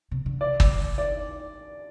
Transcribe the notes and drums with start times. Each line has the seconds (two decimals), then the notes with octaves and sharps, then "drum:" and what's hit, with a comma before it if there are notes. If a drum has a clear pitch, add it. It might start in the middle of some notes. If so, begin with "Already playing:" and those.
0.11 C3
0.26 D3
0.41 D5
0.60 drum: kick G1
0.98 D5